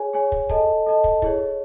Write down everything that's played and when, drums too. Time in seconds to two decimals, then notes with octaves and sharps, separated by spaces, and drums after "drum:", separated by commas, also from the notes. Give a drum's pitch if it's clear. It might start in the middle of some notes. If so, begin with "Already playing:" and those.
Already playing: G#4 C#5 G#5
0.13 G#4 C#5 G#5
0.32 drum: kick
0.49 A4 D#5 A5, drum: kick
0.86 A4 D#5 A5
1.04 drum: kick
1.22 E4 G#4 C#5, drum: kick